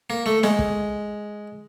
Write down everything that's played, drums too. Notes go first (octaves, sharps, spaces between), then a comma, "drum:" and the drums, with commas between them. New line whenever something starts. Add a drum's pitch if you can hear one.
A#3
A3
G#3, drum: snare
drum: kick